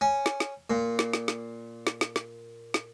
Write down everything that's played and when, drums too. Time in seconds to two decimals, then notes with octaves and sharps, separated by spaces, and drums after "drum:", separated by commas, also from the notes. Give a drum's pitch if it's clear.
0.01 C#4
0.26 drum: snare
0.40 drum: snare
0.70 A#2
0.99 drum: snare
1.13 drum: snare
1.28 drum: snare
1.87 drum: snare
2.01 drum: snare
2.16 drum: snare
2.74 drum: snare